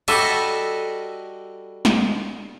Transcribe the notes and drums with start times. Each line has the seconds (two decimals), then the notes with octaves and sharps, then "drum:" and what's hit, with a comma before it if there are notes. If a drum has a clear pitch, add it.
0.08 G3 F#4 A4 D#5 E5, drum: cymbal
1.85 drum: snare